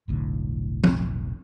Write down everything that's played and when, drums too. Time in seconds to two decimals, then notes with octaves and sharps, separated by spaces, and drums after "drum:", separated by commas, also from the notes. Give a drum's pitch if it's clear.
0.08 F1 B1 A2 D3
0.84 drum: tom